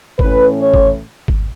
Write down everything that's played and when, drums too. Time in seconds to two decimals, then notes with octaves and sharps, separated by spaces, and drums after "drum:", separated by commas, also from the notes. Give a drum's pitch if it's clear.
0.19 A2 E3 C#4 B4, drum: kick G#1
0.60 C#5
0.74 drum: kick G#1
1.28 drum: kick G#1